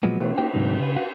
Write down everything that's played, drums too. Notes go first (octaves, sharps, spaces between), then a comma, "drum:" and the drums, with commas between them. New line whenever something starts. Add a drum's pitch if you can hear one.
A#2 F3 F#3 G#3 B3
B2 E3 A3, drum: cymbal
A#3 D#4 F#4 G4 C5 G5
D2 G#2 C3 F#3 D#4
C#3 B4
F#4 B4 F5 F#5